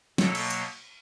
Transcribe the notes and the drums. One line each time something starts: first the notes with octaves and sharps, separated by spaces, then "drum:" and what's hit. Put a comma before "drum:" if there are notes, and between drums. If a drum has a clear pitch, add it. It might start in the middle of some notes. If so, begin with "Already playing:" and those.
B2 F#3 A#3 A4, drum: snare
drum: cymbal
drum: hi-hat